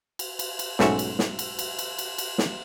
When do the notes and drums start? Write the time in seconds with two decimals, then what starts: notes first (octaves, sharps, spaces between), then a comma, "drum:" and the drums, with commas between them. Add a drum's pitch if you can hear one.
0.19 drum: cymbal
0.39 drum: cymbal
0.59 drum: cymbal
0.79 B1 G#2 A3 C#4 F#4 E5, drum: snare
0.99 drum: cymbal
1.19 drum: snare
1.39 drum: cymbal
1.59 drum: cymbal
1.79 drum: cymbal
1.99 drum: cymbal
2.18 drum: cymbal
2.38 drum: snare